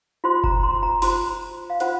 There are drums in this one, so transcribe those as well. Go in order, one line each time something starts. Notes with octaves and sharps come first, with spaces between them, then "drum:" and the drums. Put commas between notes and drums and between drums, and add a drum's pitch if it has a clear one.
F4 C5 C6
A#5, drum: kick F#1
C6
A#5
F4 C5 C6, drum: open hi-hat
F5
F4 C5 F#5, drum: hi-hat